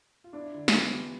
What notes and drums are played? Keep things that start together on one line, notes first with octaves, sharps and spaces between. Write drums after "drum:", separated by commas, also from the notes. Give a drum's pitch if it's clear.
F4
D4 E4
D3
E3 B3, drum: snare
F3
G3